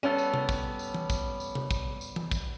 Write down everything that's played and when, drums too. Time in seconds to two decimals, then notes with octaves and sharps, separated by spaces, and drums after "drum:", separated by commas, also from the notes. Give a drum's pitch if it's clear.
0.03 G3 B3 C#4 A4
0.18 drum: tambourine
0.34 drum: tom C3
0.49 drum: kick, tambourine
0.79 drum: tambourine
0.94 drum: tom E3
1.10 drum: kick, tambourine
1.40 drum: tambourine
1.55 drum: tom C3
1.71 drum: kick, tambourine
2.01 drum: tambourine
2.16 drum: tom E3
2.31 drum: kick, tambourine